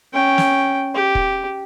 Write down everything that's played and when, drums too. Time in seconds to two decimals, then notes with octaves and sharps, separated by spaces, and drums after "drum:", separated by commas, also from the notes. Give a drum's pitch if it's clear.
0.13 C#4 G5
0.38 drum: snare
0.95 G4
1.15 drum: kick